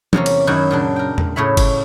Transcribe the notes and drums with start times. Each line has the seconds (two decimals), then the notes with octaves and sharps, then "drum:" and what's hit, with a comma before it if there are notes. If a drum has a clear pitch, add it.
0.13 E2 C3 A#3 C#4, drum: tom
0.26 drum: cymbal
0.47 F#2 D#3 F#3 E4 F#4
0.71 A#2 C#3 D4
0.96 A#4 G5
1.18 drum: tom E2
1.36 A2 C#3 C#5 E5 B5
1.57 drum: kick G1, cymbal